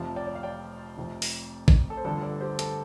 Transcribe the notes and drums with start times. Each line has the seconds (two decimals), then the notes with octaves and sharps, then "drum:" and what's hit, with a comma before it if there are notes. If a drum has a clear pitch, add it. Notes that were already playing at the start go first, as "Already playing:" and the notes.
Already playing: F1 F2 C3 F3 F5 A5
0.16 D5 G5
0.27 D5
0.35 F5
0.43 D5 G5
0.98 F1 F2 C3 F3
1.22 drum: open hi-hat
1.68 drum: kick A1
1.90 A4
1.97 C5
2.05 G1 G2 D3 F3 A4 D5
2.23 A4 D5
2.41 G4 C5
2.59 A4, drum: hi-hat